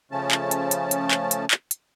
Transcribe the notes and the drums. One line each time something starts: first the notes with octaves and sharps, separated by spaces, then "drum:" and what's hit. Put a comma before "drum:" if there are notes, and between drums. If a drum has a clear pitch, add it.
C#3 F3 A3 C#4 A5
drum: clap
drum: hi-hat
drum: hi-hat
drum: hi-hat
drum: clap
drum: hi-hat
drum: clap
drum: hi-hat